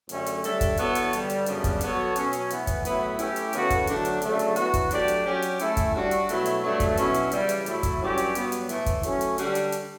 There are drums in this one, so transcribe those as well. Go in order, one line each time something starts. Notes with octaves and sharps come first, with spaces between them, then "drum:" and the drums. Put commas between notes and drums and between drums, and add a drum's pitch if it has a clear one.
F#2 D3 A3 C#4 G4, drum: hi-hat
drum: hi-hat
G3 D4 A4 C#5 E5, drum: hi-hat
drum: kick, hi-hat
E3 B3 F#4 A4 C#5, drum: hi-hat
drum: hi-hat
G2 D3 G3, drum: hi-hat
drum: hi-hat
F#2 C#3 G3 B3 D4, drum: hi-hat
drum: kick, hi-hat
F#3 B3 F#4 A4 C#5, drum: hi-hat
B2 F#3 C#4, drum: hi-hat
drum: hi-hat
A2 E3 B3, drum: hi-hat
drum: kick, hi-hat
A2 F#3 B3 E4, drum: hi-hat
A3 C#4 E4 G4, drum: hi-hat
drum: hi-hat
C#3 E3 B3 F#4 A4, drum: hi-hat
drum: kick, hi-hat
D3 F#3 A3 D4, drum: hi-hat
drum: hi-hat
C#3 F#3 A3 D4, drum: hi-hat
drum: hi-hat
E3 B3 F#4, drum: hi-hat
drum: kick, hi-hat
F#3 A3 D4 G4 D5, drum: hi-hat
drum: hi-hat
F#3 C#4 G4
drum: hi-hat
A3 C#4 E4 A4 E5, drum: hi-hat
drum: kick, hi-hat
G3 D4 F#4
drum: hi-hat
B2 F#3 A3 E4, drum: hi-hat
drum: hi-hat
G2 F#3 A3 D4
drum: kick, hi-hat
B2 F#3 C#4 E4, drum: hi-hat
drum: hi-hat
C#3 E3 G3, drum: hi-hat
drum: hi-hat
A2 F#3 A3 E4, drum: hi-hat
drum: kick, hi-hat
G2 F#3 C#4 G4 D5
drum: hi-hat
G2 F#3 B3, drum: hi-hat
drum: hi-hat
A2 E3 A3, drum: hi-hat
drum: kick, hi-hat
F#3 A3 C#4, drum: hi-hat
drum: hi-hat
D3 G3 D4, drum: hi-hat
drum: hi-hat
drum: hi-hat